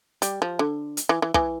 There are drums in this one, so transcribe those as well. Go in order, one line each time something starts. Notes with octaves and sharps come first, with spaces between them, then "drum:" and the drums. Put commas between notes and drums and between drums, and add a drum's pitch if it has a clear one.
G3, drum: hi-hat
F3
D3
drum: hi-hat
E3
E3
E3, drum: kick